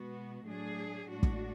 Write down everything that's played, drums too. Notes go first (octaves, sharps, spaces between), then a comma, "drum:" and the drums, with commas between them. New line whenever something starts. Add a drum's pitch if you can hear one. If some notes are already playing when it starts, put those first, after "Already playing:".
Already playing: B2 G#3 B3 F#4
A2 F#3 A3 D4 G#4
A2 G#3 D4 F#4
drum: kick